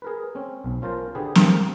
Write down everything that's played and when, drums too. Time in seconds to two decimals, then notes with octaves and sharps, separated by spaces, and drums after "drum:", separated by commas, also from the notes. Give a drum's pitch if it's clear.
0.02 G#4 A#4 B4
0.35 C4 C#4
0.64 B1
0.82 C#4 F4 A#4 C5 A5
1.15 D3 G4 G#4 B4
1.35 G4 A#4 C5 F5, drum: snare